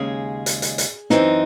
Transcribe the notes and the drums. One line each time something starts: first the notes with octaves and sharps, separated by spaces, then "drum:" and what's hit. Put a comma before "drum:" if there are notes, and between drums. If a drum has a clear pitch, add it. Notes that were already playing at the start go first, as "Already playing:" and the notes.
Already playing: D#2 C#3 G#3 G#4
drum: hi-hat
drum: hi-hat
drum: hi-hat
F#2 E3 C4 D#4, drum: snare